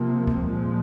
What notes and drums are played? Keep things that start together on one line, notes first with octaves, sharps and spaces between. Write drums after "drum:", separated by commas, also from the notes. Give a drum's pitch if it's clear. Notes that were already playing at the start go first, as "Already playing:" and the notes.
Already playing: C3 F3 A#3
drum: kick
A#2 F3 G#3